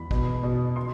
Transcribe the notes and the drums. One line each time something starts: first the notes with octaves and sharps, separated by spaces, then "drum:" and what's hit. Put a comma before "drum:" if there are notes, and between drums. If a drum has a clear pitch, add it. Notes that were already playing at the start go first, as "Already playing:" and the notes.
Already playing: E2 B5
B2, drum: kick
B2
C6